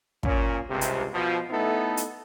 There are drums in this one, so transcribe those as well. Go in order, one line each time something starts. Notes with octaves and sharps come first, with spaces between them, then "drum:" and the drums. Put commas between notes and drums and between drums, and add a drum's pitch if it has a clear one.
A#2 C#4, drum: kick
C#2 G2 C3
drum: hi-hat
B2 F3
A3 B3 D#4 E4 A4
drum: hi-hat